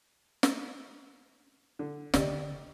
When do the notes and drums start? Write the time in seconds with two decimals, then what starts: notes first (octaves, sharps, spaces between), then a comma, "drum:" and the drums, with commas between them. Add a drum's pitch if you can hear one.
0.43 drum: snare
1.79 D3
2.14 D3 D#3 G4 D5 D#5, drum: snare